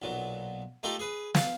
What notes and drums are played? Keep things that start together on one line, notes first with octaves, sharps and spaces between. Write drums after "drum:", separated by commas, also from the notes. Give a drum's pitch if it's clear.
B1 A#2 F#3
A3 D#4 F4 G4 A4 A#4
G#4 B4
F5, drum: snare